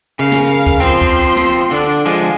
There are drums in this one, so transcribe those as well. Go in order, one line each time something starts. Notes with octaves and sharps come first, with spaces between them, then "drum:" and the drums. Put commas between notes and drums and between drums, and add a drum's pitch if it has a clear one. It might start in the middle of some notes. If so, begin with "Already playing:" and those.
C#3 A#4 F5
drum: snare
drum: kick C#2
F3 C4 C6
drum: kick C#2
drum: snare
D3 D4
F3 G#3